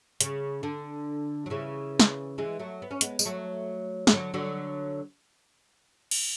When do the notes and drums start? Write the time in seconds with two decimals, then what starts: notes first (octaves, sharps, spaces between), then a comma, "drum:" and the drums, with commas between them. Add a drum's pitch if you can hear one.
0.21 C#3, drum: hi-hat
0.63 D3
1.46 F#3
1.50 C#3 E3
2.00 drum: snare
2.38 E3 G#3
2.59 F#3 A3
2.82 B3
2.91 C#4
3.01 G#3 B3, drum: hi-hat
3.19 G#3, drum: tambourine
3.25 F#3 A3
4.07 G#3, drum: snare
4.12 D3 F#3
4.34 D3 F#3
6.11 drum: cymbal